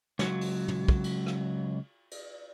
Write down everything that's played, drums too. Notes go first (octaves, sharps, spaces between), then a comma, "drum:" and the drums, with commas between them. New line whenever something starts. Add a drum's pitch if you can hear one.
C#2 F#3, drum: snare
drum: open hi-hat
drum: tom
drum: kick
drum: cymbal
drum: rim click
drum: cymbal